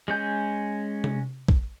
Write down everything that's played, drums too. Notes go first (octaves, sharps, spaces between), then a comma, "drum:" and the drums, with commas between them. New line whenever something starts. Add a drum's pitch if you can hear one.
G#3 C#4 G6
drum: tom C3
drum: kick